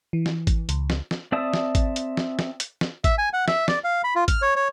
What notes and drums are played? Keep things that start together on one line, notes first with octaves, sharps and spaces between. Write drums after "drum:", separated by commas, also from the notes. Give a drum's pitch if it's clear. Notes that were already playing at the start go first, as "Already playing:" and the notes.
E3
drum: snare
drum: kick G#1, hi-hat
C#2, drum: hi-hat
drum: snare
drum: snare
C4 D5 E5 A5 D#6
drum: snare
drum: kick G#1, hi-hat
drum: hi-hat
drum: snare
drum: snare
drum: hi-hat
drum: snare
E5, drum: kick G#1, hi-hat
G#5
F#5
E5, drum: snare
D5, drum: snare
F5
B5
F4
F6, drum: kick G#1, hi-hat
C#5
C#5